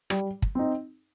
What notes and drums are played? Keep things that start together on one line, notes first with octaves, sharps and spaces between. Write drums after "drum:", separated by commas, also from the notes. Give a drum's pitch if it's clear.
G3, drum: rim click
drum: kick
C4 D#4